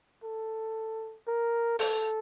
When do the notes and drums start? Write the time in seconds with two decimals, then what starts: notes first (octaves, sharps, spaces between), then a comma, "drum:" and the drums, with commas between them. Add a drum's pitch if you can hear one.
0.23 A4
1.28 A#4
1.79 A4, drum: open hi-hat